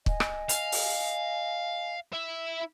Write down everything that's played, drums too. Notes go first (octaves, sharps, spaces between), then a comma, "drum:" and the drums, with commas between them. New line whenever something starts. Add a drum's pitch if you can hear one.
D#5 G#5, drum: kick
drum: rim click
F5, drum: hi-hat
drum: open hi-hat
E4 E5